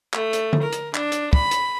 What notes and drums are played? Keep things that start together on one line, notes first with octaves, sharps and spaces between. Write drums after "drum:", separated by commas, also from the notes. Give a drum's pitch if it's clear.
A3, drum: clap
drum: hi-hat
drum: tom D3
A#4
drum: hi-hat
D4, drum: clap
drum: hi-hat
B5, drum: kick
drum: hi-hat